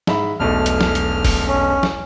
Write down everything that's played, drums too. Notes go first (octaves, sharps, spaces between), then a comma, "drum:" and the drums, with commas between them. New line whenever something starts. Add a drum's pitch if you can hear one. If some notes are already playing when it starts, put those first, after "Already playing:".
G#2 E5 B5, drum: snare
E1 B1 A3 F6
drum: hi-hat
drum: snare
drum: hi-hat
drum: kick F1, open hi-hat
C#4
drum: snare